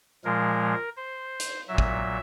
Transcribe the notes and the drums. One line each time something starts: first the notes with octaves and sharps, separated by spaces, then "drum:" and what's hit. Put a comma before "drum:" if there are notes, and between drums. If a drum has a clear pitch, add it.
A#2 F3 G#3 A#4
C5
drum: hi-hat
A#2 F#3 E5
drum: kick